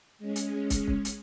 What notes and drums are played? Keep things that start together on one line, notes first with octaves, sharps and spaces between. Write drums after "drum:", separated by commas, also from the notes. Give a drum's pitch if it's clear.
G#3 C#4
drum: hi-hat
drum: kick, hi-hat
drum: kick
drum: hi-hat